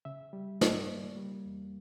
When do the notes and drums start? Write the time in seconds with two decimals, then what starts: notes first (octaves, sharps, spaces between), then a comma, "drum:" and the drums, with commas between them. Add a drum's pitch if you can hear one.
0.05 C#3 E5
0.33 G3
0.61 A#3 D5, drum: snare
0.89 A#3
1.17 G3
1.45 E2